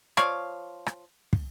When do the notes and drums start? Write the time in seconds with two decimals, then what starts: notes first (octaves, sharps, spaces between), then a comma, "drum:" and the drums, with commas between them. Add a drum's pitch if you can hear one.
0.17 F3 C#5 D5 F5, drum: rim click
0.86 drum: rim click
1.33 drum: kick